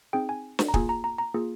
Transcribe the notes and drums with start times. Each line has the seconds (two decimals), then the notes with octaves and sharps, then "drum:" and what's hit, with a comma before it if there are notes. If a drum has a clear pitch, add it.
0.13 C4 D#4 G#4 G5
0.29 G#5
0.59 drum: snare
0.68 A#5
0.74 A#3 F4 G#4 G#5, drum: kick
0.89 A#5
1.04 A#5
1.18 A#5
1.34 A#3 F4 G#4